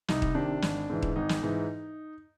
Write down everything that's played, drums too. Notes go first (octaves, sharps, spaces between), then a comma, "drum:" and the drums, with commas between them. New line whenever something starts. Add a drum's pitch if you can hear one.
C2 D#4, drum: snare
drum: kick D#1
C3 D#3 D4
G#1, drum: snare
G#2 E3
drum: kick D#1
G#1 D#4
drum: snare
G#2 E3